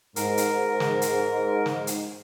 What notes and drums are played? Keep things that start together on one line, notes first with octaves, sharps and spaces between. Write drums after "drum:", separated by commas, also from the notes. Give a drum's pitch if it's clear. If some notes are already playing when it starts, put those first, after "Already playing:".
G#2 A#4, drum: hi-hat
drum: hi-hat
drum: snare
drum: hi-hat
drum: snare
drum: hi-hat